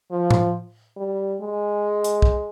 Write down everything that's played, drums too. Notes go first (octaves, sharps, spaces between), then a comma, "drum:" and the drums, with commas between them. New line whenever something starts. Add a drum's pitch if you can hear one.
F3
drum: tom A2
G3
G#3
drum: hi-hat
drum: kick B1